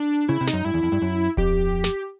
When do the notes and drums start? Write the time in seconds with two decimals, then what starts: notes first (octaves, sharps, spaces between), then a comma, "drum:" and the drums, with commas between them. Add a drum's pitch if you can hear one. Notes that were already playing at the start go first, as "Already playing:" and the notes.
Already playing: D4
0.28 C#3 E4
0.41 C3
0.47 D#4, drum: snare
0.53 F#2
0.65 G2 E4
0.74 E2
0.83 F2
0.92 G2
1.02 F#2
1.37 F2 G4, drum: kick D1
1.84 drum: snare